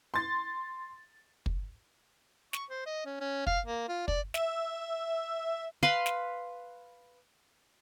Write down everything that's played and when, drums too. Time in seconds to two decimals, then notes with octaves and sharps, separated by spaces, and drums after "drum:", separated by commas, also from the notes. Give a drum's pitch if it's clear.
0.14 C6 A6
1.46 drum: kick
2.53 C#6, drum: snare
2.70 C5
2.86 D#5
3.06 C#4
3.21 C#4
3.47 F5, drum: kick
3.66 A#3
3.89 F4
4.08 D5, drum: kick
4.34 E5, drum: snare
5.83 B4 F5 B5 C6
6.06 drum: snare